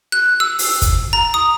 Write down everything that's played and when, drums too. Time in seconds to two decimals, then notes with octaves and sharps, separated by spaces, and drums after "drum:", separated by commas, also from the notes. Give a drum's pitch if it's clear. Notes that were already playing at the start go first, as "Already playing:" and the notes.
0.12 F#6
0.40 E6
0.59 drum: open hi-hat
0.82 drum: kick, hi-hat
1.13 A#5
1.34 D#6